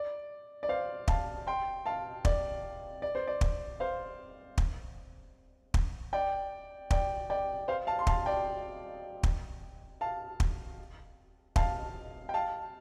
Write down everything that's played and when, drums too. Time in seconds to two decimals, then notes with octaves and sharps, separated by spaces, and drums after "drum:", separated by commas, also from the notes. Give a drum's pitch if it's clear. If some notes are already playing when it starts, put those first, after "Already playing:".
Already playing: D5
0.63 D5
0.69 C5 F5
1.08 F5 A5, drum: kick
1.47 G5 C6
1.86 F5 A5
2.25 D5, drum: kick
3.02 D5
3.15 C5
3.27 D5
3.41 drum: kick
3.80 C5 F5
4.58 drum: kick
5.74 drum: kick
6.13 D5 G5
6.91 D5 G5, drum: kick
7.30 D5 G5
7.68 C5 F5
7.87 F5 A5
7.99 C6
8.07 F5 A5, drum: kick
8.26 D5 G5
9.23 drum: kick
10.01 F5 A5
10.40 drum: kick
11.56 F5 A5, drum: kick
12.29 G5
12.34 F5 A5